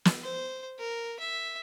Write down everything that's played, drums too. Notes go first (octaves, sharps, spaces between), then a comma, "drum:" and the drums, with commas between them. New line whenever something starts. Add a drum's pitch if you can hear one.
drum: snare
C5
A#4
E5